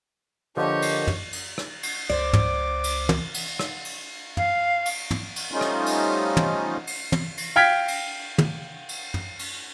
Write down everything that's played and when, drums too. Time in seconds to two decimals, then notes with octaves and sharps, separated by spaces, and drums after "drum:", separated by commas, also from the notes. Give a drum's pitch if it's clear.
0.57 D3 F3 A#3 D4 G4 C#5 D#5
0.82 drum: cymbal
1.07 drum: tom
1.33 drum: cymbal
1.58 drum: rim click
1.83 drum: cymbal
2.10 C#2 C5 D5 D6
2.33 drum: tom
2.84 drum: cymbal
3.09 drum: tom
3.34 drum: cymbal
3.59 drum: rim click
3.85 drum: cymbal
4.37 F5, drum: tom
4.85 drum: cymbal
5.11 drum: tom
5.36 drum: cymbal
5.52 F3 G3 A3 C#4 D#4 F4
5.61 drum: rim click
5.86 drum: cymbal
6.37 drum: tom
6.87 drum: cymbal
7.12 drum: tom
7.38 drum: cymbal
7.56 F5 G5 F6 G#6 B6 D7
7.88 drum: cymbal
8.38 drum: tom
8.89 drum: cymbal
9.14 drum: tom
9.39 drum: cymbal